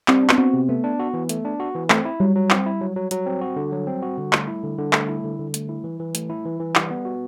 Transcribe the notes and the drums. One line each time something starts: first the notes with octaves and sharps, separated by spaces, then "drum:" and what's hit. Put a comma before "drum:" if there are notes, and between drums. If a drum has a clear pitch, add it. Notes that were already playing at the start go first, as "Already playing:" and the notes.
G3 C4, drum: clap
D4
B3, drum: clap
C4 F#4
C3
A3 B3
D4
F#4
E3
A3, drum: hi-hat
D4
F#4
E3
A3 C4, drum: clap
E4
F#3 G3
F#3
C4, drum: clap
E4
F#3
F#3
F#3, drum: hi-hat
C4
F#4
D3
F#3
C4
F#4
D3
A3, drum: clap
E4
D3
D3
A3, drum: clap
E4
D3
D3
A3, drum: hi-hat
E4
E3
E3
A3, drum: hi-hat
E4
E3
E3
G3, drum: clap
B3
F#4